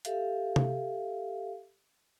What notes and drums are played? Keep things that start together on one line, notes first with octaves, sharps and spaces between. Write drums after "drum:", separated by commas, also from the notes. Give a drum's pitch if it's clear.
G4 A4 E5 F5, drum: hi-hat
drum: tom C3